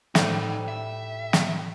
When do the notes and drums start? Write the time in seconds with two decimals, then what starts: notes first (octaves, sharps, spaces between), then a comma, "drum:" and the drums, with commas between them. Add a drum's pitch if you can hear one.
0.15 A2 G3 D#4 C5, drum: snare
0.68 E5
1.33 drum: snare